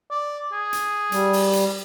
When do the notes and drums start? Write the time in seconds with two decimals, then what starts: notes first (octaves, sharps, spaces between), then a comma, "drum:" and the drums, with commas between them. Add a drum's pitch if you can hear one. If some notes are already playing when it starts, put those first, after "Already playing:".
0.11 D5
0.52 G#4
0.73 drum: hi-hat
1.12 G3, drum: hi-hat
1.33 drum: open hi-hat
1.53 drum: hi-hat